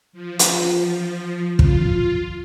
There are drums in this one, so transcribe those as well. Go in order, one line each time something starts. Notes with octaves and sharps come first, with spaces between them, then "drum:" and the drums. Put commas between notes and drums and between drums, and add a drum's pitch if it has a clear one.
F3
drum: hi-hat
F4, drum: kick